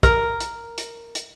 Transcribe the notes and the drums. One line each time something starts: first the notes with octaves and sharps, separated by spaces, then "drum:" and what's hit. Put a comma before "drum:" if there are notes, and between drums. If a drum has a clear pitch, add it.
A#4, drum: kick, hi-hat
drum: hi-hat
drum: hi-hat
drum: hi-hat